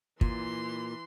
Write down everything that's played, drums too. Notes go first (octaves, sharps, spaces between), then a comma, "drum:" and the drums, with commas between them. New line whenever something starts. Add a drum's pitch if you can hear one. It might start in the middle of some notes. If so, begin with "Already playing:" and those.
A#2 E3 C6, drum: kick